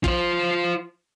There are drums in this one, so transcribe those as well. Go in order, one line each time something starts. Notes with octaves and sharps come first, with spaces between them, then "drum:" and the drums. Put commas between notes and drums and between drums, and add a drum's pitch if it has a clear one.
F4 C5, drum: kick